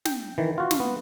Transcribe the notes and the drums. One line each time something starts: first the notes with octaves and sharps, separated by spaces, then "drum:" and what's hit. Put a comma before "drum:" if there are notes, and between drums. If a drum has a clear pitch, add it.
G5, drum: snare
D#3 E3
F4 F#4
drum: snare
B3